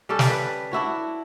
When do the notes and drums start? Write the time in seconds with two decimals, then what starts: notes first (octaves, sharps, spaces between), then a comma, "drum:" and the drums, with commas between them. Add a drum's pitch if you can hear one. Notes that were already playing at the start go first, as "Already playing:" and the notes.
0.09 G3 C#4 G4 A4
0.19 drum: snare
0.30 B4
0.72 D4 E4 F#4 C#5